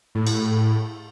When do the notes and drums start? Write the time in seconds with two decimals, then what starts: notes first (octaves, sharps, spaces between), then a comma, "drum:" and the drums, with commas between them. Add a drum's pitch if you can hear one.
0.15 A2
0.27 drum: cymbal